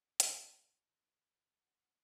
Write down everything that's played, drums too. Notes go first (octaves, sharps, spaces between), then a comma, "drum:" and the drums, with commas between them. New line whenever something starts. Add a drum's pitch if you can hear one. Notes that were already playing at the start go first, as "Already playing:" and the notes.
A#2, drum: hi-hat
F#5